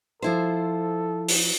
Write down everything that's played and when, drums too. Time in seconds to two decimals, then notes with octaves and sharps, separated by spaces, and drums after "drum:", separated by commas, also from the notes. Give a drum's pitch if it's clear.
0.22 F3 E4 A4 C5
1.29 drum: open hi-hat